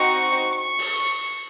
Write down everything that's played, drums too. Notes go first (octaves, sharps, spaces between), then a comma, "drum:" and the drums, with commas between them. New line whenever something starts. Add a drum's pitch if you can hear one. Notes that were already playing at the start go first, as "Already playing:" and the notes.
Already playing: C4 D#4 F#4 C#6
C#6
drum: open hi-hat